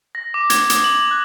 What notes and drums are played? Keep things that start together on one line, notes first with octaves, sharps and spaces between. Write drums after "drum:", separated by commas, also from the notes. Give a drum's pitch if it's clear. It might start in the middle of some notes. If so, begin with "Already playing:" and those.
A#6
D6
G#6, drum: hi-hat
D#6, drum: hi-hat
F#7
F#6